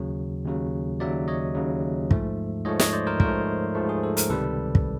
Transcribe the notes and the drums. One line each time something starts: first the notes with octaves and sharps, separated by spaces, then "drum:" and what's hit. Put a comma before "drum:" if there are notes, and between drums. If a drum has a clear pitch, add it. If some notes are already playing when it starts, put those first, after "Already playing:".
Already playing: D#2 C#3 F#3
D#2 C#3 F#3
D#2 C#3 F#3 D5 E5
C#5 D#5
D#2 C#3 F#3
G#2 F3 A3, drum: kick
G#2 F3 A3 C#5 D#5
C#5 D#5, drum: snare
C5 D5
A#4 C5
G#2 F3 A3 A#4 C5, drum: kick
G#2 F3 A3
G#4
A4
A#4, drum: hi-hat
C#2 C3 D#3 G3 A4 B4
drum: kick